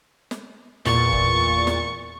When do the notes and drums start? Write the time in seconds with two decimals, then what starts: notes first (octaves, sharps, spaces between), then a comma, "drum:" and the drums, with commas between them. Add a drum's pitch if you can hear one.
0.31 drum: snare
0.85 E2 A#2 C#6 A6, drum: snare
1.13 drum: kick G1
1.67 drum: snare